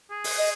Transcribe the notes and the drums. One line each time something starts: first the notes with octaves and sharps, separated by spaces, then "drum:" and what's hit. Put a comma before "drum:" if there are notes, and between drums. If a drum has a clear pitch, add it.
G#4
drum: open hi-hat
D#5